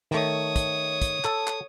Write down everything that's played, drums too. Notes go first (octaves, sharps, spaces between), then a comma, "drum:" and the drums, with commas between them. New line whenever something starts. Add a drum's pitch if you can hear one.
D#3 A3 C#5 D#6
drum: kick, hi-hat
drum: kick, hi-hat
A4, drum: clap
drum: clap